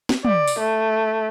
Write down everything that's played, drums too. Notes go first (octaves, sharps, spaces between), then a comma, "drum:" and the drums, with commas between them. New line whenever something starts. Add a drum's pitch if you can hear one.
drum: snare
D5, drum: tom
drum: open hi-hat
A3